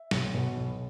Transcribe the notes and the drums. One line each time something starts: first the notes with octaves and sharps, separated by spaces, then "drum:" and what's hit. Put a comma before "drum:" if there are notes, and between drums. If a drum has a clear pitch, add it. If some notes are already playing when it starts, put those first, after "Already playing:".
Already playing: E5
B1, drum: snare
B2
B1